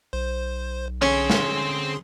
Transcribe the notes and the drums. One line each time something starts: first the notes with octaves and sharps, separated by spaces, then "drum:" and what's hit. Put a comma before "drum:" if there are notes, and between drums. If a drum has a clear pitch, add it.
B1 C5
D3 C4 C#4 G#4 C5 C6
drum: snare